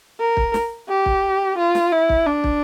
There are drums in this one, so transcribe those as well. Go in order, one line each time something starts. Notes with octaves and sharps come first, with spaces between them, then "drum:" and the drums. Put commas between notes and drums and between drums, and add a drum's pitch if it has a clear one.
A#4
drum: kick
drum: snare
G4
drum: kick
F4
drum: snare
E4
drum: kick
D4
drum: kick